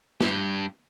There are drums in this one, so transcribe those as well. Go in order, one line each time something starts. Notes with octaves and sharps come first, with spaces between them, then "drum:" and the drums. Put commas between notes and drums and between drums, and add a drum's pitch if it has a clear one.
G2 G4, drum: snare